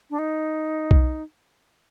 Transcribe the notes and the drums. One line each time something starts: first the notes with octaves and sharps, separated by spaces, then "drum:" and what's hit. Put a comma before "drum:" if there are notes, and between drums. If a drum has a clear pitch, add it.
D4
D#4
drum: kick B1